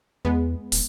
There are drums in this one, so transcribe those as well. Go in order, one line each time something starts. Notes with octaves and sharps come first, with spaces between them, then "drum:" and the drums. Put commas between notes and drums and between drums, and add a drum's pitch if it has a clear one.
E2 G#3 B3
D#1, drum: open hi-hat